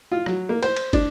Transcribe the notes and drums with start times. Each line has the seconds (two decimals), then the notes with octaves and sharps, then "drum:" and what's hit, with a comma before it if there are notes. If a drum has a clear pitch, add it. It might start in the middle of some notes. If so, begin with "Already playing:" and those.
0.12 F4
0.26 F#3, drum: rim click
0.49 A#3
0.63 C5, drum: cymbal
0.76 drum: cymbal
0.93 D4, drum: kick, cymbal